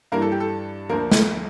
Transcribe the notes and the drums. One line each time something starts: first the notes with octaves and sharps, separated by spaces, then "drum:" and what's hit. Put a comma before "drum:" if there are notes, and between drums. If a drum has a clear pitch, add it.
G2 E3 A#3 A#4
A4
G4
A4
D2 D3 F3 A#3 A#4
drum: snare